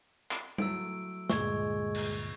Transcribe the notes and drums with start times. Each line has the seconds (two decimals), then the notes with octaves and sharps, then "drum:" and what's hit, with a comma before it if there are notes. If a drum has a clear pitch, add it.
0.31 drum: clap
0.58 F#3 A3 E4 E6 D7, drum: tom G3
1.30 D2 G2 A#2 G#3 C#6 G#6, drum: snare
1.95 drum: cymbal